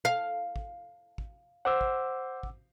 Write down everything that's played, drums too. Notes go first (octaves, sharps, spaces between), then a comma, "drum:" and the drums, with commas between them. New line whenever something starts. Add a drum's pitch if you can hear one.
F5
drum: kick
drum: kick
C5 F#5 D6 E6
drum: kick
drum: kick